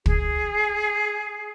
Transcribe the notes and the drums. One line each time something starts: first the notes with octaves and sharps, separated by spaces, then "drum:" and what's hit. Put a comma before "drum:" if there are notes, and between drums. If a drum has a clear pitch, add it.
G#4, drum: kick